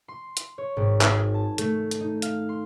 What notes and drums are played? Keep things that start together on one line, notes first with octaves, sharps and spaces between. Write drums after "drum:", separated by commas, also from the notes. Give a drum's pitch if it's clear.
C6
drum: hi-hat
C#5
G#1
G#5, drum: clap
A5
A3, drum: hi-hat
drum: hi-hat
D#4
F5, drum: hi-hat
C6